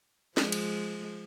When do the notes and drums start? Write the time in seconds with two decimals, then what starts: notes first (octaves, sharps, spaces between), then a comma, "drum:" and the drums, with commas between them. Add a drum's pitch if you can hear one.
0.37 F3 G#3, drum: snare
0.52 drum: cymbal